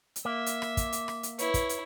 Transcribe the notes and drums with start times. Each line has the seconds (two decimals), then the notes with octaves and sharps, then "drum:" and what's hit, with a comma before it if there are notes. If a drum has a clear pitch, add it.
0.16 drum: hi-hat
0.25 A#3 E5
0.46 drum: hi-hat
0.62 drum: rim click
0.77 drum: kick, hi-hat
0.93 drum: hi-hat
1.08 drum: rim click
1.23 drum: hi-hat
1.39 E4 B4 C#5, drum: hi-hat
1.54 drum: kick, hi-hat
1.69 drum: hi-hat